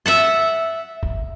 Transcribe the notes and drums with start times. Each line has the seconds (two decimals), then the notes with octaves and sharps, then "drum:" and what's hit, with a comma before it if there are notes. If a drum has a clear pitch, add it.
0.06 E5 F#5 A5
1.03 drum: kick F#1